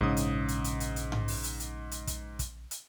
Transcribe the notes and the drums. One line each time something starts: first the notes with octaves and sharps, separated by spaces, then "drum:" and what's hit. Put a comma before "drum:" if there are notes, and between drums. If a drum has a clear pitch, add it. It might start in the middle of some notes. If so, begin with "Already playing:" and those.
A#1 G#2 C#3 D#6
drum: hi-hat
drum: hi-hat
drum: hi-hat
drum: hi-hat
drum: hi-hat
drum: tom G#2
drum: open hi-hat
drum: hi-hat
drum: hi-hat
drum: hi-hat
drum: kick, hi-hat
drum: kick, hi-hat
drum: hi-hat